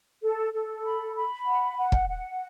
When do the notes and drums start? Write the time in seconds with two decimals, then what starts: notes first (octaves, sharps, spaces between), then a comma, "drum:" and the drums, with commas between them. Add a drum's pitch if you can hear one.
0.22 A4
0.53 A4
0.84 B5
1.15 B5
1.46 F#5
1.77 F#5
1.92 drum: kick
2.08 F#5